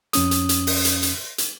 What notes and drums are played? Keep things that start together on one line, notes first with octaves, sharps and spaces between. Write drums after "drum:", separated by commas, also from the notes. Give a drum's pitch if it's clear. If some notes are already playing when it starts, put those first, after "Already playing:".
F2 C#4 D#6, drum: hi-hat
drum: hi-hat
drum: hi-hat
drum: open hi-hat
drum: hi-hat
drum: hi-hat
drum: hi-hat